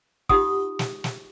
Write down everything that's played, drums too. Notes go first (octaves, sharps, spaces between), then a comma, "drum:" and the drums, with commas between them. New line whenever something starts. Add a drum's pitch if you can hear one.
D#4 F4 G4 F#5 D#6, drum: kick
drum: snare
drum: snare